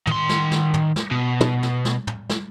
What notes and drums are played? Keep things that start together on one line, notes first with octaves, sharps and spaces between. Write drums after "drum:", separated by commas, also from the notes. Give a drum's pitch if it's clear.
D#3 C6, drum: tom
drum: snare
drum: snare
drum: tom
drum: snare
B2
drum: tom
drum: snare
drum: snare
drum: tom
drum: snare